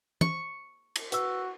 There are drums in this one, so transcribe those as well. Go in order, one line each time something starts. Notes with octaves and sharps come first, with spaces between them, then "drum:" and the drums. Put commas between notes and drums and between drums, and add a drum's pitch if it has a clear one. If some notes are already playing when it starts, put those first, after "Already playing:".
C#6, drum: tom
drum: cymbal
F#4 B4 E6, drum: hi-hat